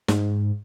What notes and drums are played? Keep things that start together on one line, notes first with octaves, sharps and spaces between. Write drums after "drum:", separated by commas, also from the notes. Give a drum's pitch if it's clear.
G#2, drum: snare